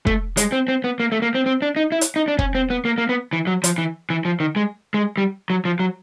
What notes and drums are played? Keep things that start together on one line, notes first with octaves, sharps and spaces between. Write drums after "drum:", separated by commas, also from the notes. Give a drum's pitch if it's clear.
A3, drum: kick
G#3, drum: hi-hat
C4
C4
B3
A#3
A3
A#3
C4
C4
D4
D#4
E4
drum: hi-hat
D#4
D4
C#4, drum: kick
C4
B3
A#3
A#3
B3
E3
F#3
F3, drum: hi-hat
E3
E3
F3
D#3
G#3
G#3
G3
F#3
F3
F#3